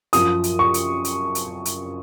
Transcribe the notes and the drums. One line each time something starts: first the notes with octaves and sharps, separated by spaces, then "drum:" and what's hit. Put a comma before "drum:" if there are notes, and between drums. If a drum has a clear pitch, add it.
F#2 F3 D#6, drum: hi-hat
drum: hi-hat
C#6
drum: hi-hat
drum: hi-hat
drum: hi-hat
drum: hi-hat